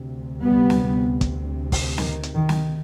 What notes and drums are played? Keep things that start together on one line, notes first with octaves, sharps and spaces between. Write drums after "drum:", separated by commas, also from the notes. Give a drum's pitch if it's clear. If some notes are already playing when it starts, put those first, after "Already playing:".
Already playing: D2 C3
G3 B3
drum: snare
drum: kick, hi-hat
drum: kick, open hi-hat
D#3, drum: snare
drum: hi-hat
D#3
drum: snare